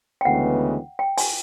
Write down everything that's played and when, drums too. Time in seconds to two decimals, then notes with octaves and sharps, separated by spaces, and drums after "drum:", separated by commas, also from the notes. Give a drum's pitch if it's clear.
0.21 G5
0.25 D2 C#3 E3 G#3 B3 F#5
0.99 G5
1.18 G#5, drum: open hi-hat